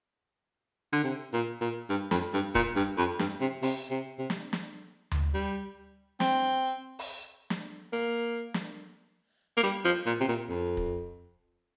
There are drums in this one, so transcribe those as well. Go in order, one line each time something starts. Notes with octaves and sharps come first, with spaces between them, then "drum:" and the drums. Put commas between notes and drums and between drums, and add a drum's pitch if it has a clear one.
D3
C3
A#2
A#2
G2
F2, drum: snare
G2
A#2, drum: kick
G2
F2
G2, drum: snare
C3
C3, drum: open hi-hat
C3
C3
drum: snare
drum: snare
drum: tom D2
G3
C4, drum: snare
drum: open hi-hat
drum: snare
A#3
drum: snare
A#3
G3
F3
A#2
C3
A#2
F2
drum: kick